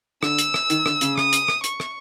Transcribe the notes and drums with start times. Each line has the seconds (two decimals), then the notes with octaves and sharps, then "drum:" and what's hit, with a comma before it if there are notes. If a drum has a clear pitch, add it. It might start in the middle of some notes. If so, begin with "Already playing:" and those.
0.23 D3 E6, drum: rim click
0.38 drum: hi-hat
0.54 drum: rim click
0.70 D#3, drum: hi-hat
0.86 D3, drum: rim click
1.01 C#3, drum: hi-hat
1.18 D#6, drum: rim click
1.33 drum: hi-hat
1.48 drum: rim click
1.64 C#6, drum: hi-hat
1.80 drum: rim click